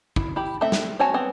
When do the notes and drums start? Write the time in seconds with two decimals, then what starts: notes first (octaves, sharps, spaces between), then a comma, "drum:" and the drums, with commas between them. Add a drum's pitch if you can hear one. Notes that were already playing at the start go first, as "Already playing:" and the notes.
0.16 E4, drum: kick
0.36 E4 G4 B5
0.61 A3 C4 A4 E5
0.72 drum: snare
0.99 C4 F#4 C#5 G#5 A5
1.14 B3 C4 C#5